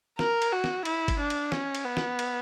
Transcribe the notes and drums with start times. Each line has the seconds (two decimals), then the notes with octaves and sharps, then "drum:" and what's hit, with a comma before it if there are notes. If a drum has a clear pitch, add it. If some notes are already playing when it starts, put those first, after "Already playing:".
0.19 A#4, drum: snare
0.42 drum: cymbal
0.53 F#4
0.64 drum: snare
0.85 E4, drum: cymbal
1.08 drum: kick G1, cymbal
1.19 D4
1.30 drum: cymbal
1.52 C#4, drum: snare
1.75 drum: cymbal
1.85 B3
1.97 drum: snare
2.19 drum: cymbal